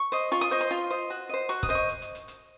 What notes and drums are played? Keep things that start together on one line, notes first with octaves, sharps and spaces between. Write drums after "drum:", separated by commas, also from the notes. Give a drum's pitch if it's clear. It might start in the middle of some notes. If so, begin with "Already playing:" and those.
Already playing: C#6
C5 D#5
F4 C#6, drum: hi-hat
D#6
C5 D#5 C#6
C6, drum: hi-hat
F4, drum: hi-hat
C5 D#5
F#4
C5 D#5
F#4 C#6, drum: hi-hat
D#6, drum: kick, hi-hat
C5 D#5
C#6
drum: hi-hat
drum: hi-hat
drum: hi-hat
drum: hi-hat